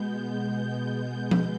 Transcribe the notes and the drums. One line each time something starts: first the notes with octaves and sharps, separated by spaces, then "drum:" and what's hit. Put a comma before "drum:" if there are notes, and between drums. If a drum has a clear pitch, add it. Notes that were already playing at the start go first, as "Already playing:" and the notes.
Already playing: B2 G#3 B3 G6
G6
drum: tom F3